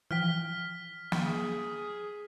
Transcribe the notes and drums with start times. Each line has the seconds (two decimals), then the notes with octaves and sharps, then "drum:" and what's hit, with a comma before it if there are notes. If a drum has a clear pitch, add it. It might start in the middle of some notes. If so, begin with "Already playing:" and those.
0.11 E3 F3 G5 F6 B6
1.12 drum: snare
1.25 G#4